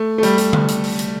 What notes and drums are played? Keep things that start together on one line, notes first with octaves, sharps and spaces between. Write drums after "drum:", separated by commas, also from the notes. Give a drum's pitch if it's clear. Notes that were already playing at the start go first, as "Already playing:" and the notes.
Already playing: A3
A3
G3, drum: hi-hat
G3, drum: hi-hat
drum: tom D3
drum: hi-hat
drum: open hi-hat
drum: hi-hat